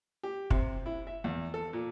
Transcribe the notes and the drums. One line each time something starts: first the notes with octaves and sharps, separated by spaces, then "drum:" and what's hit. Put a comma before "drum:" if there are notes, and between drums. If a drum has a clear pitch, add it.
G4
C3, drum: kick
E4
E5
E2
A4
A#2